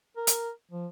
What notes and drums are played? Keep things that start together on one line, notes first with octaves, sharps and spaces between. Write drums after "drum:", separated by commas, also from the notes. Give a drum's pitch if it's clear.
A#4
drum: hi-hat
F3